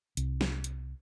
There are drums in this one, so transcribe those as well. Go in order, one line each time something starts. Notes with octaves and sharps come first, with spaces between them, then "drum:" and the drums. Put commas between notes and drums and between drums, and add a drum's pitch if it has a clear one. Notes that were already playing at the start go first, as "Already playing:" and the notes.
C2, drum: hi-hat
drum: snare
drum: hi-hat